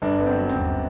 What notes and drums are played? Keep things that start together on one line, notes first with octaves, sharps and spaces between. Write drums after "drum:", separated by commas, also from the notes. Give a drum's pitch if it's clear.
G1 D4
G1 B3
C4
F#3
F#2 C4, drum: tom